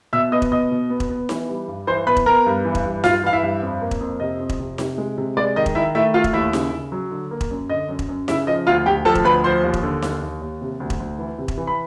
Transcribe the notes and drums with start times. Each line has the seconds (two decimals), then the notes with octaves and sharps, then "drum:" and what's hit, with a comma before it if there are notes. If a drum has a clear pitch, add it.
0.13 B2 E5 E6
0.32 B3 D#5 D#6
0.42 drum: kick E1
0.52 B2 D#5 D#6
0.71 B2
0.90 B3
1.00 drum: kick E1
1.09 B3
1.29 E3, drum: snare D#4
1.49 G3
1.68 G2
1.87 E3 C5 C6
2.07 B3 B4 B5
2.17 drum: kick E1
2.26 B3 A#4 A#5
2.46 G2
2.65 E3
2.75 drum: kick E1
2.85 G2
3.04 G2 F4 F5, drum: snare D#4
3.23 E3 F5
3.33 E4 E5
3.43 G2
3.62 F2
3.81 A#3
3.91 drum: kick E1
4.00 F2
4.20 C3 D#5
4.40 F2
4.49 drum: kick E1
4.59 C3
4.78 C3, drum: snare D#4
4.98 G#3
5.18 C3
5.37 G#3 D5
5.56 D#3 D#5
5.66 drum: kick E1
5.75 D#3 E4 E5
5.95 A3 E4 E5
6.14 A3 F4 F5
6.24 drum: kick E1
6.33 D#2 E4 E5
6.53 C#3, drum: snare D#4
6.72 C#3
6.92 F#3
7.11 D3
7.31 A#3
7.41 drum: kick E1
7.51 F#2
7.70 D3 D#5
7.89 F#2
7.99 drum: kick E1
8.09 F#2
8.28 C#3 E4 E5, drum: snare D#4
8.47 F3 D#5
8.67 D2 F4 F5
8.86 D2 G4 G5
9.05 F3 A4 A5
9.15 drum: kick E1
9.24 D2 B4 B5
9.44 F3 C5 C6
9.64 D#2
9.74 drum: kick E1
9.83 D3
10.02 D#2, drum: snare D#4
10.22 D#2
10.42 D#2
10.61 C3
10.80 D2
10.90 drum: kick E1
11.00 D2
11.19 E3
11.38 C3
11.48 drum: kick E1
11.58 E3
11.67 B5